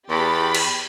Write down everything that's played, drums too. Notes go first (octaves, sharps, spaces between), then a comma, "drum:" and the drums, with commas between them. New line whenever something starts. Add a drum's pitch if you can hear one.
E2 G4 B5 A6
drum: cymbal